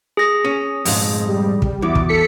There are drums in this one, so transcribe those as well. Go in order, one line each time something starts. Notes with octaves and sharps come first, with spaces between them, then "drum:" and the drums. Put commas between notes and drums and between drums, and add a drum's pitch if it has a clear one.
G#4 A#6
C#4
F2 G#2, drum: open hi-hat
G3
drum: kick
E2 E4 F#4 D6
drum: kick
A4 B6 C#7